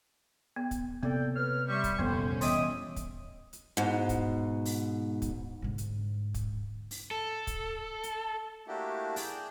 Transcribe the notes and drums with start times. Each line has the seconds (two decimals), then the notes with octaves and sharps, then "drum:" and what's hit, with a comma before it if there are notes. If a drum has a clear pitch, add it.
0.56 B3
0.71 drum: kick, hi-hat
1.03 C3 A#3 B3 A4 D5 G5
1.35 B4 C#5 F6
1.68 G3 E5 C6 C#6
1.84 drum: kick, hi-hat
1.99 C2 F2 A#2 D3 E3 B3 C#4 C5
2.41 E1 E3 B3 D#5 E5 D6 D#6, drum: open hi-hat
2.96 drum: kick, hi-hat
3.53 drum: hi-hat
3.77 G#2 B2
4.09 drum: kick, hi-hat
4.65 drum: open hi-hat
5.22 drum: kick, hi-hat
5.62 G#2 D3
5.78 drum: hi-hat
6.34 drum: kick, hi-hat
6.91 drum: open hi-hat
7.11 A4
7.47 drum: kick, hi-hat
8.03 drum: hi-hat
8.68 A3 A#3 D4 E4 F#4 G4
9.16 G#4 D5 G5 A5, drum: open hi-hat